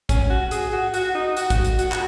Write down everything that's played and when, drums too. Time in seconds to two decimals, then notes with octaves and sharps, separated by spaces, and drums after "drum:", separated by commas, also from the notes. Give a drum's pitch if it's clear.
0.09 C#4, drum: kick A1, hi-hat
0.30 F#4
0.51 G#4, drum: hi-hat
0.73 F#4
0.94 F#4, drum: hi-hat
1.15 D#4
1.37 F#4, drum: hi-hat
1.50 drum: kick A1, hi-hat
1.65 drum: hi-hat
1.79 F#4, drum: hi-hat
1.92 F#4, drum: clap